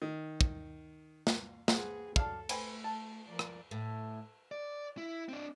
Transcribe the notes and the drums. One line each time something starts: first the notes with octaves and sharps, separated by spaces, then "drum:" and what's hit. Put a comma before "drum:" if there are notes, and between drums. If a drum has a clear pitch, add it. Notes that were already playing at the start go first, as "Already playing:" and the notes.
D#3
drum: kick
drum: snare
C4 G#4 B4 F#5, drum: snare
F#3 D4 A4 F5, drum: kick
A3 C4 B4 G#5, drum: cymbal
A5
F3 A#4 D5
drum: rim click
A2
D5
E4
C4 D4